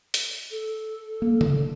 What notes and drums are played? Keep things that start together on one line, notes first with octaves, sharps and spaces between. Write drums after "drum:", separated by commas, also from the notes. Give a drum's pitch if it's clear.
drum: hi-hat
A4
A#3
D3, drum: tom C#3